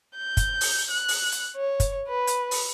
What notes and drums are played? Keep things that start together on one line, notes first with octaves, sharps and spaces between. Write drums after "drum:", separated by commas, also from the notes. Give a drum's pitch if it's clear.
G6
drum: kick, hi-hat
drum: open hi-hat
F#6
drum: open hi-hat
drum: hi-hat
C#5
drum: kick, hi-hat
B4
drum: hi-hat
drum: open hi-hat